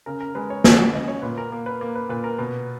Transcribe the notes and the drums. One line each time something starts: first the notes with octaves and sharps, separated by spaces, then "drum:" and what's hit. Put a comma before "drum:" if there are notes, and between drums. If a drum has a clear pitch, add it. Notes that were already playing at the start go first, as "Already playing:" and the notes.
C#3 A#4
A#4
G#3 B4
C#5
G#3 D#5, drum: snare
F#5
C#3 D#5
C#5
A#2 B4
A#4
A#3
B4
A#3
B4
A#2 B4
A#4
B2 B4